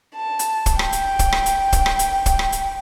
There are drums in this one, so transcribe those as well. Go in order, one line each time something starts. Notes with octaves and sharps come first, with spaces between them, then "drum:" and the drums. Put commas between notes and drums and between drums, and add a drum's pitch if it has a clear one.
A5
drum: hi-hat
drum: kick, hi-hat
G5, drum: rim click
drum: hi-hat
drum: kick, hi-hat
drum: rim click
drum: hi-hat
drum: kick, hi-hat
drum: rim click
drum: hi-hat
drum: kick, hi-hat
drum: rim click
drum: hi-hat